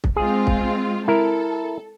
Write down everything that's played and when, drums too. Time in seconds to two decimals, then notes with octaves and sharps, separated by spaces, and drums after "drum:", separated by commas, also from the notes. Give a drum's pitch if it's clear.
0.04 drum: kick
0.16 G#3 C4 F4 G#4
0.47 drum: kick
1.08 E4 A4 A#4